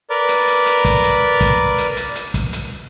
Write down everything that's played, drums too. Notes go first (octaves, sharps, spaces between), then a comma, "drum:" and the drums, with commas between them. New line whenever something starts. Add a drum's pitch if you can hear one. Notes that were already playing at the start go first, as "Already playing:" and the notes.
A#4 B4 D5
drum: hi-hat
drum: hi-hat
drum: hi-hat
drum: kick, hi-hat
drum: hi-hat
drum: kick, hi-hat
drum: hi-hat
drum: hi-hat
drum: hi-hat
drum: kick, hi-hat
drum: hi-hat